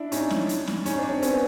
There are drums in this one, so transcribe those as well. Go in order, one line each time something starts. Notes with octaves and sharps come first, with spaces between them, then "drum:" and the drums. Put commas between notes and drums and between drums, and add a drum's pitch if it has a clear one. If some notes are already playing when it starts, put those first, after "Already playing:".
Already playing: D4 E4
C#4 D#4, drum: hi-hat
drum: snare C#4
drum: hi-hat
drum: snare C#4
C#4 D#4, drum: hi-hat
C4 D4
C4
B3 C#4, drum: hi-hat